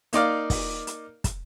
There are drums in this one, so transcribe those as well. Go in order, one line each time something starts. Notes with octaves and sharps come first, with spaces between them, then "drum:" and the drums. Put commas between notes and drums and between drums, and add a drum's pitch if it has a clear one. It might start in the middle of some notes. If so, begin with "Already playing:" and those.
A#3 D#4 D5 F5, drum: hi-hat
drum: kick, open hi-hat
drum: hi-hat
drum: kick, hi-hat